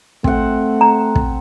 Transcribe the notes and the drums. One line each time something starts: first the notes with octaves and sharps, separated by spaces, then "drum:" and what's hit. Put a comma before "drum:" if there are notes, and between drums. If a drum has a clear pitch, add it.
A3 C4 F#5, drum: kick
A#5
drum: kick